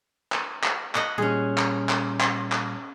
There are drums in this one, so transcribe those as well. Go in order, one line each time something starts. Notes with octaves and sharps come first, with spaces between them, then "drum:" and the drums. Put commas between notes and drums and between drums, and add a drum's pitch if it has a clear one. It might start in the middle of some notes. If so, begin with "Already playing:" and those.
drum: clap
drum: clap
D#5 F#5 B5, drum: clap
A#2 G3 C#4 G#4 C6
drum: clap
drum: clap
drum: clap
drum: clap